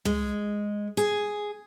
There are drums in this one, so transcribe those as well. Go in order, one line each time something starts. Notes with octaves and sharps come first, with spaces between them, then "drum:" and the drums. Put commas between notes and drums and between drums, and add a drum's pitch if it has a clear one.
G#3, drum: tom
G#4, drum: hi-hat